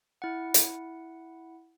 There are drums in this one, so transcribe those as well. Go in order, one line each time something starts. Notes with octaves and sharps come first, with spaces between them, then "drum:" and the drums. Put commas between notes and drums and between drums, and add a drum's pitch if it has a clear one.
E4 F#5
drum: hi-hat